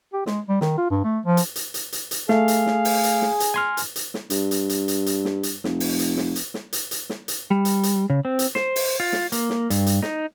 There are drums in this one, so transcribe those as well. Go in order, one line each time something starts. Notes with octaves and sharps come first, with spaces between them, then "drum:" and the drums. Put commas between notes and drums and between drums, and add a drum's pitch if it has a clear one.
G4
G#3, drum: snare
G3
D#3, drum: snare
F4
G2
A3
F3
drum: hi-hat
drum: hi-hat
drum: hi-hat
drum: hi-hat
drum: hi-hat
A3 G#4 F5, drum: snare
drum: hi-hat
drum: snare
drum: open hi-hat
drum: hi-hat
drum: snare
drum: hi-hat
G#5 C6 F6
drum: hi-hat
drum: hi-hat
drum: snare
G2, drum: hi-hat
drum: hi-hat
drum: hi-hat
drum: hi-hat
drum: hi-hat
drum: snare
drum: hi-hat
F1, drum: snare
drum: open hi-hat
drum: hi-hat
drum: snare
drum: hi-hat
drum: snare
drum: hi-hat
drum: hi-hat
drum: snare
drum: hi-hat
G3
drum: hi-hat
drum: hi-hat
C#3
C4
drum: hi-hat
C5, drum: snare
drum: open hi-hat
F4
drum: snare
A#3, drum: hi-hat
drum: snare
G2, drum: hi-hat
drum: hi-hat
D#4, drum: snare